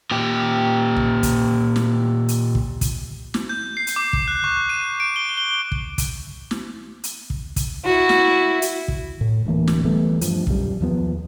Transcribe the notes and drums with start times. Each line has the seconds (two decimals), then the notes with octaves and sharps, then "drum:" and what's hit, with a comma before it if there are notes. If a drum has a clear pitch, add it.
0.11 A#2 G4
0.96 drum: kick
1.23 drum: kick, hi-hat
1.76 drum: snare
2.28 drum: hi-hat
2.55 drum: kick
2.81 drum: kick, hi-hat
3.34 drum: snare
3.49 G6
3.77 C7
3.87 drum: hi-hat
3.96 D6
4.13 drum: kick
4.28 F#6
4.44 C#6
4.69 D#7
5.00 D7
5.16 G7
5.37 G7
5.72 drum: kick
5.98 drum: kick, hi-hat
6.51 drum: snare
7.04 drum: hi-hat
7.30 drum: kick
7.56 drum: kick, hi-hat
7.85 E4 F#4
8.09 drum: snare
8.62 drum: hi-hat
8.88 drum: kick
9.21 A2
9.45 D1 D2 E3 A#3
9.67 drum: snare
9.85 E3 G3 A3 B3
10.21 G2 F3, drum: hi-hat
10.47 B1 F#2 G3, drum: kick
10.81 D#2 F3 B3